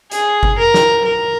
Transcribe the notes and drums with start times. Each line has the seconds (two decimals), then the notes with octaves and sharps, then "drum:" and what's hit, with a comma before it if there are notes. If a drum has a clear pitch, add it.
0.12 G#4, drum: hi-hat
0.43 drum: kick G1
0.58 A#4
0.74 drum: snare
1.06 A#4